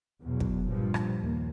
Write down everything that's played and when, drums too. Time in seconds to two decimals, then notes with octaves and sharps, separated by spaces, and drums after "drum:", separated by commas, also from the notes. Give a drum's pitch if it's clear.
0.22 E2 B2 F#3
0.40 drum: kick
0.66 G2 A#2 F3
0.94 drum: rim click
1.21 D#2 A#3